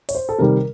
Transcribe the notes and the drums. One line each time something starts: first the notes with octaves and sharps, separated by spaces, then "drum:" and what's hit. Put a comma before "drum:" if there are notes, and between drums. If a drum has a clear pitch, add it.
C#5, drum: open hi-hat
C5
A4
C3 D#3 G3 A#4